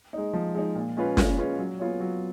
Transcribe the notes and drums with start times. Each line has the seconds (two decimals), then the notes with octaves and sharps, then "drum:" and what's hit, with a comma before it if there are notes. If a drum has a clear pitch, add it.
0.13 G#3 D#4
0.33 F3
0.55 G#3 D#4
0.75 A#2
0.97 G#3 C#4 F4 B4
1.17 A#2, drum: snare
1.38 G#3 C#4 F4 B4
1.59 F#3
1.79 B3 F4 G#4 C#5
2.00 F#3